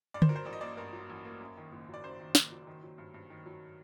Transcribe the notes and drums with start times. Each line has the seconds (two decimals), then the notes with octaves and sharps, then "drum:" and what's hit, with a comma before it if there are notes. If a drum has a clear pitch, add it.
0.14 G2 D5
0.22 C5, drum: tom D3
0.29 F#3 A#4
0.36 C5
0.45 A1 D5
0.53 D#5
0.61 A#3 D5
0.77 G2 A#4
0.93 F#3
1.10 A1
1.25 A#3
1.40 F#2
1.57 D#3
1.73 F#1
1.89 F#3 D5
2.04 F#2 C5
2.19 D#3
2.35 F#1, drum: snare
2.52 F#3
2.67 D#3
2.83 F#3
2.98 G2
3.14 G2
3.30 D#3
3.46 F#3